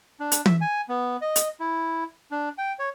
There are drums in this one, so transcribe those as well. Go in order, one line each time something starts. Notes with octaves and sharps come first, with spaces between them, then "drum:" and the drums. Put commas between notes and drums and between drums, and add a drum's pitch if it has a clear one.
D4
drum: hi-hat
E5, drum: tom E3
G#5
B3
D#5
drum: hi-hat
E4
D4
G5
C#5